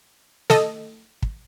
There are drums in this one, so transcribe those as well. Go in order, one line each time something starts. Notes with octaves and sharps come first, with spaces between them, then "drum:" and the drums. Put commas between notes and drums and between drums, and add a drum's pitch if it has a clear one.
A4 D#5, drum: snare
drum: kick